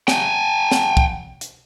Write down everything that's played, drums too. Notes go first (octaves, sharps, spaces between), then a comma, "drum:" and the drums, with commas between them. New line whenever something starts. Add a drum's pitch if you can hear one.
G5 G#5, drum: snare
drum: snare
drum: kick
drum: hi-hat